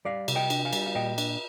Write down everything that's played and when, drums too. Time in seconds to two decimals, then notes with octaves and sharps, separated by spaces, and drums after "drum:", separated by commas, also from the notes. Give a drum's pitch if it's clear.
0.05 G3 D5 F5
0.28 C3, drum: cymbal
0.35 D#5 G5
0.50 D4, drum: cymbal
0.65 F5 G#5
0.73 G3, drum: cymbal
0.86 F5
0.95 A#2 D#5 G5
1.18 D4, drum: cymbal